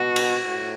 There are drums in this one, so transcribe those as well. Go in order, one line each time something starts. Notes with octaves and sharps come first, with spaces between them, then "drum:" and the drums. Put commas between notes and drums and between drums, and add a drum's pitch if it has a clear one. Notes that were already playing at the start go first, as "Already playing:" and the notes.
Already playing: B2 F#4
drum: cymbal
A2